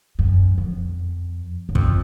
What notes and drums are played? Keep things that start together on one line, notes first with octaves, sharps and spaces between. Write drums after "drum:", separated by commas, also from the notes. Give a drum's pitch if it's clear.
F#2
F2
F#2
F2, drum: kick